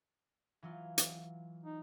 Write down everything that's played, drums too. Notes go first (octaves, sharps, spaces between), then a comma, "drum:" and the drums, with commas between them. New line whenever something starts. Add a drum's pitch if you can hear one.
E3 F#3 F4
drum: hi-hat
D#4